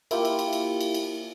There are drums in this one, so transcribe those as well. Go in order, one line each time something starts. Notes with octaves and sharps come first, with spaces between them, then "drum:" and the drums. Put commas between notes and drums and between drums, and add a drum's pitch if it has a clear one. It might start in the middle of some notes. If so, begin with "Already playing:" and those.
A#3 E4 F4 G4, drum: cymbal
drum: cymbal
drum: cymbal
drum: cymbal
drum: cymbal
drum: cymbal